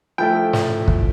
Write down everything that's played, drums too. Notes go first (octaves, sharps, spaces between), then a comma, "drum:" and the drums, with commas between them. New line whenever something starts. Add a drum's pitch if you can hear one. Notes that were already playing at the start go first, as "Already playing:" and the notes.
F3 A3 E4 G5
drum: snare
drum: kick